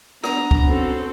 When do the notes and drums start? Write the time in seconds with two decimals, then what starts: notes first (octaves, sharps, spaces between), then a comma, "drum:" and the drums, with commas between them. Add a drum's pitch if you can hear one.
0.24 B3 D4 A#5, drum: rim click
0.51 drum: kick
0.67 C4 C#4 F#4 A4